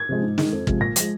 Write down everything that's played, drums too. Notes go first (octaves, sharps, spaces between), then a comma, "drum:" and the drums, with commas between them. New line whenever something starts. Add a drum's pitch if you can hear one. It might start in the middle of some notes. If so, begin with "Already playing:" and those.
Already playing: G#6
C3 F3 G#3
G#2
D#3 G#3, drum: snare
F2
C3 F3 G#3, drum: kick
A#2 A#6
F3 G#3, drum: hi-hat